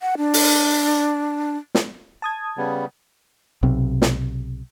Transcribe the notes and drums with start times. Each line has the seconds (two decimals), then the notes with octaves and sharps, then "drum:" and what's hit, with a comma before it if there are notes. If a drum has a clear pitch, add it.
0.01 F#5
0.17 D4
0.34 drum: open hi-hat
1.75 drum: snare
2.22 A5 D#6 G#6
2.58 C#3 G3 B3
3.63 B1 C3
4.02 drum: snare